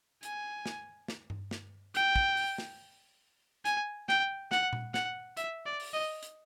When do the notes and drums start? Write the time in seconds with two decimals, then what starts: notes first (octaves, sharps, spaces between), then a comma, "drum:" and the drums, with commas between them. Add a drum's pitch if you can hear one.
0.23 G#5, drum: hi-hat
0.66 drum: snare
1.08 drum: snare
1.30 drum: tom G2
1.51 drum: snare
1.95 G5, drum: hi-hat
2.16 drum: kick
2.37 drum: open hi-hat
2.58 drum: snare
3.65 G#5, drum: hi-hat
4.08 G5, drum: snare
4.51 F#5, drum: snare
4.73 drum: tom A#2
4.94 F#5, drum: snare
5.37 E5, drum: hi-hat
5.66 D5
5.80 drum: open hi-hat
5.94 D#5
6.23 drum: hi-hat